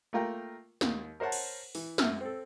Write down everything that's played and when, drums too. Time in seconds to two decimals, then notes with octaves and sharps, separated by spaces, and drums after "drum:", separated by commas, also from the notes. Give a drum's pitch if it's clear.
0.13 A3 A#3 F4 A#4 G5
0.81 D#2, drum: snare
1.20 A#4 C5 C#5 F#5 A5
1.32 drum: cymbal
1.75 E3, drum: open hi-hat
1.98 F#2 E5 E6 F6, drum: snare
2.21 C4 A4